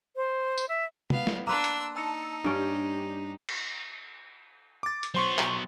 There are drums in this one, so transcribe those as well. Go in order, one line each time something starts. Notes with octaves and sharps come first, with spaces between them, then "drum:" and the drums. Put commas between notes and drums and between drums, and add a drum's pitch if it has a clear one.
C5
drum: tambourine
E5
B3 F5, drum: tom
drum: snare
A#3 D4 B4 A#5 C6 E6
drum: hi-hat
D#4 A5 E6 C#7
G2 C#4 D4 G4
drum: cymbal
D6 A6
drum: hi-hat
F#3 B3 C5 C6 C#6
drum: clap